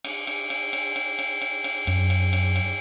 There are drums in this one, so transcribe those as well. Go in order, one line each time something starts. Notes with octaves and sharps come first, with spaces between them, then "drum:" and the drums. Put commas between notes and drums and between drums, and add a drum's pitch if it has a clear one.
drum: cymbal
drum: cymbal
drum: cymbal
drum: cymbal
drum: cymbal
drum: cymbal
drum: cymbal
drum: cymbal
F#2, drum: cymbal
drum: cymbal
drum: cymbal
drum: cymbal